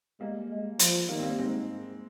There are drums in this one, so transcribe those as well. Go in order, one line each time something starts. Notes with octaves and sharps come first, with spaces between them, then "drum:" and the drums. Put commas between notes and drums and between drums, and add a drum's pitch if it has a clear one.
G3 G#3 A#3
G#3
F3, drum: hi-hat
D#3 G3 A#3
C4
G3 A#3
G#2 G#3 C4